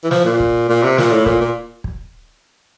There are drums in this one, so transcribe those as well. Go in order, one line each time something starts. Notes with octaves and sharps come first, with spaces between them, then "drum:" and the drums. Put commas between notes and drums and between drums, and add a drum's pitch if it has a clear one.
E3
F3, drum: snare
A#2
drum: kick
A#2
C3
A#2, drum: snare
A2
A#2, drum: kick
A#2
drum: kick